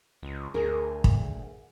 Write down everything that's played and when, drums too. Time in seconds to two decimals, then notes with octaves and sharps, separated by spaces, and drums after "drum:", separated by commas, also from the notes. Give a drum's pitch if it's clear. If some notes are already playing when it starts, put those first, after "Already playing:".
0.23 C#2
0.54 D2 G#4 A#4
1.04 drum: kick